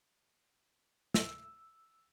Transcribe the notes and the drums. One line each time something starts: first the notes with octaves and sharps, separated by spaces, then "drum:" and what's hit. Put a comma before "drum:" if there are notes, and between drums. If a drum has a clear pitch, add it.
E6, drum: snare